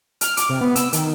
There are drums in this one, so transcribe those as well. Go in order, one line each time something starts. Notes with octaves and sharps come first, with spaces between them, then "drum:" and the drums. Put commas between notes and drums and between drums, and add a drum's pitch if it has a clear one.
F6, drum: hi-hat
D6, drum: hi-hat
C3
B3
E6, drum: hi-hat
D#3, drum: hi-hat